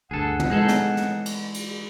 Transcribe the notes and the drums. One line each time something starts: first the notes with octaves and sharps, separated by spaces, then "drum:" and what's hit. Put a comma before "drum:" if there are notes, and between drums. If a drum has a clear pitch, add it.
D2 G2 G#4 A4 F#5
drum: tom
E3 G#3 D#4 G#4 A4
drum: snare
drum: snare
drum: cymbal
drum: cymbal